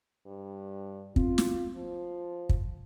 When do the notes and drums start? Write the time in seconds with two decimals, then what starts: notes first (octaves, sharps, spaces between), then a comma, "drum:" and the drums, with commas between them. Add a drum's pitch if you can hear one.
0.26 G2
1.16 C4 F4, drum: kick
1.38 drum: snare
1.75 F3
2.49 drum: kick